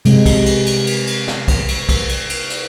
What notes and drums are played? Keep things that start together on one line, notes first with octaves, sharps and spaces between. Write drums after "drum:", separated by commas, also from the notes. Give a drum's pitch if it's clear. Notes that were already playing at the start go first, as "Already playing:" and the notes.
C3 G#3, drum: cymbal
drum: kick, cymbal
drum: cymbal
drum: cymbal
drum: cymbal
drum: cymbal
drum: snare
drum: kick, cymbal
drum: cymbal
drum: kick, cymbal
drum: cymbal
drum: cymbal
drum: cymbal